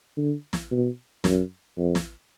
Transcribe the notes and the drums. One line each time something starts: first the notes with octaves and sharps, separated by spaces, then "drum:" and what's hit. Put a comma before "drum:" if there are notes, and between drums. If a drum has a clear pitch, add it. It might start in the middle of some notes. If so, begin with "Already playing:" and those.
D3
drum: snare
B2
F#2, drum: snare
F2
drum: snare